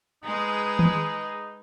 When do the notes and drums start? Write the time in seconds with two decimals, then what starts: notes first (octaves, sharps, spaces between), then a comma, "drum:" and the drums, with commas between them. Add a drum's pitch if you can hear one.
0.24 G#3 D#4 G#4 B4
0.79 drum: tom D#3